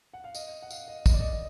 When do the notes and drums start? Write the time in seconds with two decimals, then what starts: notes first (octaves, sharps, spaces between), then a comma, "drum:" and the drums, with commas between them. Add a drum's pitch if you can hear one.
0.14 F#5
0.24 F5
0.35 D#5, drum: tambourine
0.62 F#5
0.71 F5, drum: tambourine
0.88 D#5
1.06 D#5, drum: kick, tambourine
1.14 D5
1.20 D#5
1.33 D#5